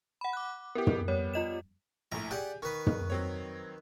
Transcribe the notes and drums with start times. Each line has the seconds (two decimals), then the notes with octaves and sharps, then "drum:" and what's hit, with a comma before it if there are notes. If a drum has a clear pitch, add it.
0.21 F#5 B5
0.33 D6 F#6
0.75 B3 E4 G4 A#4
0.87 drum: tom
1.08 G3 B3 C#5
1.34 F4 D#5 E7
2.12 A#1 A2 A#5
2.31 G4 G#4 D5 F#5
2.62 D#3 B4 C#6
2.87 drum: tom
3.10 F#3 C4 C#5